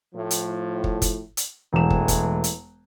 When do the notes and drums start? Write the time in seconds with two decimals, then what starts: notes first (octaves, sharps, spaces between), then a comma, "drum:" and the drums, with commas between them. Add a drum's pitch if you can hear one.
0.14 A2 F3
0.31 drum: hi-hat
0.84 drum: kick
1.02 drum: kick, hi-hat
1.37 drum: hi-hat
1.73 E1 E3 G#3 A3 E7
1.90 drum: kick
2.08 drum: kick, hi-hat
2.44 drum: hi-hat